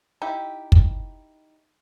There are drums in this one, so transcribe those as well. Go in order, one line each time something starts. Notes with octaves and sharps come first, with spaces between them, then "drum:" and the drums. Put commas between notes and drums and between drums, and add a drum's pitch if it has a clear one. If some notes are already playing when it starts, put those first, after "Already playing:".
D#4 E4 G4 G5
drum: kick